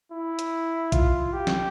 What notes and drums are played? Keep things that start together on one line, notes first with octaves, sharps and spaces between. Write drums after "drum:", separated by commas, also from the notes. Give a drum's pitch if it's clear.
E4
drum: hi-hat
F4, drum: kick, hi-hat
G4
drum: snare